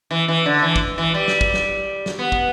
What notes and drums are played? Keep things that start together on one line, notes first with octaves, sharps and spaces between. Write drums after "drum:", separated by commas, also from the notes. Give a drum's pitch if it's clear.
E3
E3
D3
E3
drum: kick
E3
G3
drum: snare
drum: kick
drum: snare
drum: snare
B3
drum: kick